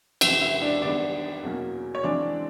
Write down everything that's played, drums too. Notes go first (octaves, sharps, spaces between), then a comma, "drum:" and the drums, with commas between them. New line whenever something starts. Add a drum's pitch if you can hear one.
E2 C3 E3 G#3 E4 E5, drum: cymbal
E4 E5
D4 D5
F#2 D#3 G3 B3 D4 D5
E2 B2 F#3 A#3 C#4
C#5
C#3 E3 G#3 C4 D4 D5